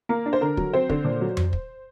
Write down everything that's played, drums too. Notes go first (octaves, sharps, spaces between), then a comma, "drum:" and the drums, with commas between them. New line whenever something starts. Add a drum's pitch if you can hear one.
A#3 A#4
D4
C5
D3 A#4
F#3, drum: kick
C4 C5
D3, drum: kick
A#2
F#3
drum: tom F2
drum: kick